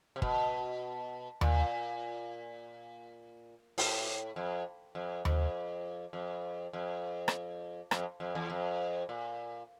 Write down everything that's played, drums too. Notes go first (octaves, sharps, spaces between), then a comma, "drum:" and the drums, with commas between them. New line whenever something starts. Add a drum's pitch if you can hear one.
C3
B2, drum: kick
A#2, drum: tom D#2
A2, drum: open hi-hat
F2
F2
F2, drum: tom D#2
F2
F2
drum: rim click
F2, drum: rim click
F2
E2
F2
A#2